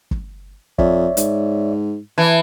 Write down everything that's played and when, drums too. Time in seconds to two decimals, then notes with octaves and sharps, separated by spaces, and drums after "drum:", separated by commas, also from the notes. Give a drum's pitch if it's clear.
0.11 drum: kick
0.78 F2 C#5 D5 E5, drum: kick
1.17 G#2, drum: hi-hat
2.18 E3 A5